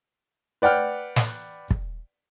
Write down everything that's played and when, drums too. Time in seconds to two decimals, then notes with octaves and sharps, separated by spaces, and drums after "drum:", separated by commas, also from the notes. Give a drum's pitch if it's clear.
0.62 B4 D5 F#5 G5 F6
1.16 drum: snare
1.70 drum: kick